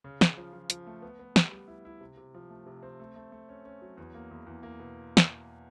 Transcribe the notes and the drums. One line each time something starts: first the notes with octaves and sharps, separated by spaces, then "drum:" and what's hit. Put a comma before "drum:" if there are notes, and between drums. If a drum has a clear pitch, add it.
C#3
C#3, drum: snare
F3
F3
F3, drum: hi-hat
A3
B3
B3
G3, drum: snare
G3
E4
E4
C3
C3
F3
A3
C3
C4
A3
A3
A3
C#4
C#4
F#3
E2
A#3
E2
E2
A#3
B2
drum: snare